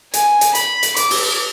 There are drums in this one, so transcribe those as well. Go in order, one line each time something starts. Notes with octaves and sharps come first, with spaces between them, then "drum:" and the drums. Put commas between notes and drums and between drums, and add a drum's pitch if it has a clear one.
G#5, drum: hi-hat
drum: hi-hat
B5, drum: hi-hat
drum: hi-hat
D6, drum: hi-hat
drum: open hi-hat